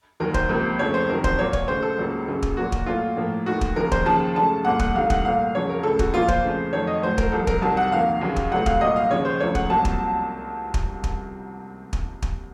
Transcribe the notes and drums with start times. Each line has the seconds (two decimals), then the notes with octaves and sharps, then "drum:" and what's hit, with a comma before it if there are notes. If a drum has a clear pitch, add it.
0.20 D#2 D#3 F#3 A#4
0.34 C5, drum: kick
0.49 C#2 C3 F3 A#3
0.79 F2 C#3 A3 C#5
0.94 C5
1.09 F2 C3 D#3 F#3 A#4
1.24 C5, drum: kick
1.39 A#2 F#3 A#3 C#5
1.53 C#5, drum: kick
1.68 D#2 C#3 A3 C5
1.83 A4
1.97 C#2 C#3 F#3 A#3
2.28 F#2 C#3 F#3 A#3
2.43 drum: kick
2.57 A#2 F#3 A#3 F#4
2.72 drum: kick
2.86 A#2 F#3 A3 F4
3.16 A2 F3 A#3
3.46 D#2 D#3 A3 F#4
3.61 drum: kick
3.76 D#2 C#3 F3 A#3 A#4
3.92 C5, drum: kick
4.06 D#2 C#3 F3 A5
4.36 F#2 C#3 A3 A5
4.65 C2 A#2 A3 F#5
4.79 F#5, drum: kick
4.95 C2 C3 D#3 A3 F5
5.10 F#5, drum: kick
5.25 C2 A#2 A3 F5
5.55 F2 C#3 F#3 C#5
5.69 A#4
5.83 C#2 C#3 A3 A4
5.99 F#4, drum: kick
6.14 A#2 F3 A#3 F4
6.28 C5, drum: kick
6.43 F2 C#3 A3
6.73 F2 D#3 F#3 A3 C#5
6.87 D#5
7.02 A2 F#3 A3 C5
7.18 A#4, drum: kick
7.32 C2 C3 F3 A4
7.47 A#4, drum: kick
7.62 C2 C3 D#3 F#3 A5
7.77 F#5
7.92 F2 D#3 A#3 F5
8.21 D#2 C#3 F#3
8.36 drum: kick
8.51 C#2 C3 F#3 A3 F#5
8.66 F5, drum: kick
8.81 C2 A#2 F#3 D#5
8.96 F5
9.11 D#2 C#3 F3 C#5
9.25 C5
9.40 C#2 C#3 F3 A3 C#5
9.55 F#5, drum: kick
9.70 C2 C3 F#3 A#3 A5
9.85 drum: kick
10.74 drum: kick
11.04 drum: kick
11.93 drum: kick
12.22 drum: kick